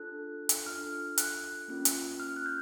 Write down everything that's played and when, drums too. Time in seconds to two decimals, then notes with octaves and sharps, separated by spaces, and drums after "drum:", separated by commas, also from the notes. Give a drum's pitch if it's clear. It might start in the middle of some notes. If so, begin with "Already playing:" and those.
Already playing: D4 F4 A4 F#6
0.49 drum: hi-hat
0.66 D4 F4 A4 F6
1.18 F#6, drum: hi-hat
1.68 A#3 C#4 F4
1.85 drum: hi-hat
2.20 F6
2.36 F#6
2.46 G6